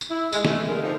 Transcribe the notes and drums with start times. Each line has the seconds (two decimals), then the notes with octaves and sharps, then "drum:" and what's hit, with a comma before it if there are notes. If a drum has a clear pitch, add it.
0.01 drum: tambourine
0.10 E4
0.32 G#3, drum: tambourine
0.45 A3, drum: snare
0.67 D2 G2 G#3 G#4 A#4
0.83 D3 F3 A3 C4 D#4